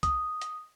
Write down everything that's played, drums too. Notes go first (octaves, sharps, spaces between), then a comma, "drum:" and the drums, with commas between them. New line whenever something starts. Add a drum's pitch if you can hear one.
D#6, drum: kick C2, hi-hat
drum: hi-hat